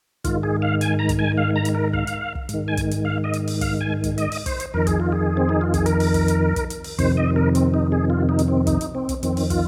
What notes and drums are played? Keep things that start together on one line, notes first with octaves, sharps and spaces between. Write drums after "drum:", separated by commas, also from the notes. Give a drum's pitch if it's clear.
G#2 D#3 F4, drum: kick, hi-hat
G#4
F5
G#5, drum: hi-hat
A#5
drum: kick, hi-hat
G#5
F5
A#5
drum: hi-hat
A#4
F5, drum: kick
drum: hi-hat
drum: kick
G#2 D#3, drum: hi-hat
G#5
drum: kick, hi-hat
drum: hi-hat
F5
D#5
drum: hi-hat
drum: open hi-hat
F5, drum: kick, hi-hat
G#5
drum: kick, hi-hat
D#5, drum: hi-hat
drum: open hi-hat
C5, drum: kick, hi-hat
drum: hi-hat
F2 D#3 A#4
G#4, drum: kick, hi-hat
F4
G#4
C4
D#4
F4
G#4, drum: kick, hi-hat
A#4, drum: hi-hat
drum: open hi-hat
drum: kick, hi-hat
drum: hi-hat
drum: kick, hi-hat
drum: hi-hat
drum: open hi-hat
F2 C3 D#3 C5, drum: kick, hi-hat
D#5
A#4
C4, drum: hi-hat
D#4
G#4
F4
D#4
drum: hi-hat
C4
D#4, drum: kick, hi-hat
drum: hi-hat
C4
drum: kick, hi-hat
F2 D#3 C4, drum: hi-hat
drum: open hi-hat
F4, drum: kick, hi-hat